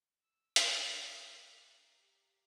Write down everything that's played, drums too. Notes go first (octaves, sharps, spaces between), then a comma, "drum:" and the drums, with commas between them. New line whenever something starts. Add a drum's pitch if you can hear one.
E6
D6, drum: hi-hat
F#6
D6 F#6
A#5 C7
G4